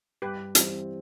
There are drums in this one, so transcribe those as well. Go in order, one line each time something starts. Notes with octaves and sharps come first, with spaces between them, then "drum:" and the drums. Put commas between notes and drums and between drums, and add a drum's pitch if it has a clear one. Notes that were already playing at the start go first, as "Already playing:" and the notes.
G2 G4 B4
E3 G3 C4, drum: hi-hat